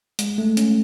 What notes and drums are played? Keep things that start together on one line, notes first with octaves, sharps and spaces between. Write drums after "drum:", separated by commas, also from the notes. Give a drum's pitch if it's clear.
G#3, drum: hi-hat
A3
C#4, drum: hi-hat